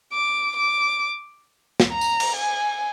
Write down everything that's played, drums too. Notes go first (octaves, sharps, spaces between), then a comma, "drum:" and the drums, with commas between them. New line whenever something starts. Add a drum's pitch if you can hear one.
D6
D6
drum: snare
A#5
drum: tambourine
drum: cymbal
G#5